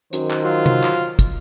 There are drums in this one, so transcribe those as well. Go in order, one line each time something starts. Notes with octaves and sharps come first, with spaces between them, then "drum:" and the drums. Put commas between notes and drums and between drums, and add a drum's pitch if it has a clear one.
F#2 D#3 C5, drum: hi-hat
drum: clap
F#3 F4
drum: tom
drum: clap
drum: kick, hi-hat